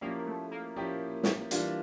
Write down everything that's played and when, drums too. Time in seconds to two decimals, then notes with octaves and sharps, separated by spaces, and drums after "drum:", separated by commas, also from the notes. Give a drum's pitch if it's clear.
0.01 F3 A#3 C#4 E4 G4
0.26 A3
0.51 A#3
0.76 F3 C#4 E4 G4
1.23 drum: snare
1.51 E3 G3 D4 F4, drum: hi-hat